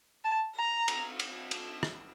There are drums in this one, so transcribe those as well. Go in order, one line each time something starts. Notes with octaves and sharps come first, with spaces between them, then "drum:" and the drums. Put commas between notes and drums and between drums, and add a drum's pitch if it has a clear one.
A5
A#5
drum: cymbal
drum: cymbal
drum: cymbal
drum: rim click